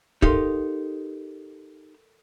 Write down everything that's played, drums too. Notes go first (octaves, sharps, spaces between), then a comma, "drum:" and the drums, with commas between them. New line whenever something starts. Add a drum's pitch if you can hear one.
D#4 G4 A4 A#4 F5 C6, drum: kick